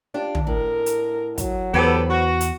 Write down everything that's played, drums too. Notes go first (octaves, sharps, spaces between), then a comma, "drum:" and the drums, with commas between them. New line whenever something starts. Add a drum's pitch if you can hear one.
D4 F4 G4
drum: tom
A2 A#4
drum: hi-hat
F#3, drum: kick, hi-hat
E2 B3 G4 A4 B4 C5
F#4
drum: hi-hat